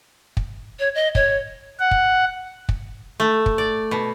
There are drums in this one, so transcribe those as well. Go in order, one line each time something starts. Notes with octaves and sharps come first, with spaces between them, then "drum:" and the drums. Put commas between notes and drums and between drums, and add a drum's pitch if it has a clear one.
drum: kick
C#5
D#5
C#5, drum: kick
F#5
drum: kick
drum: kick
A3
drum: kick
D5
B2